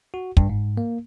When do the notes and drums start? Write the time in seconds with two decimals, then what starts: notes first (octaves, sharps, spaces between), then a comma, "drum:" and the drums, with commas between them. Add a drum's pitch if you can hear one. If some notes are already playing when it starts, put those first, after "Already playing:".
0.14 F#4
0.37 G2, drum: kick
0.49 G#2
0.77 A#3